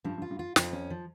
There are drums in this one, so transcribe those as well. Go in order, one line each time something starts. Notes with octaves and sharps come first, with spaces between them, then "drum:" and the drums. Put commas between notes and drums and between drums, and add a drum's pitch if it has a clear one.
G2 F3
G2
F4
G2
F4
F2 F4, drum: snare
C#4
F3